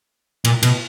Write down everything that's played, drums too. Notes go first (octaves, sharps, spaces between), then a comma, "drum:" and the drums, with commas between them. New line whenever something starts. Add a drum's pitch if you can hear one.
A#2, drum: cymbal
B2, drum: cymbal